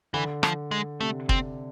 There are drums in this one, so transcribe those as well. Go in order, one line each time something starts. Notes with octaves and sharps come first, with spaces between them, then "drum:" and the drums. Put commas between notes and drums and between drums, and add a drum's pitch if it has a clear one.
D3 E3
F3, drum: rim click
G#3
C3 A3
C4, drum: kick